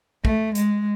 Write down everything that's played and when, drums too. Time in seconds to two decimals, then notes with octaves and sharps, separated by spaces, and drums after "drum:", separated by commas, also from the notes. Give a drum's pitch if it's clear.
0.25 A3, drum: kick
0.55 G#3, drum: hi-hat